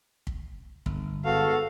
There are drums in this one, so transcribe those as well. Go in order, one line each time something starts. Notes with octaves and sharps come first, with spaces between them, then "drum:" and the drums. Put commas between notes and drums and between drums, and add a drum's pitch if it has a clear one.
drum: kick
G1, drum: kick
G#2 B3 F#4 A4 F5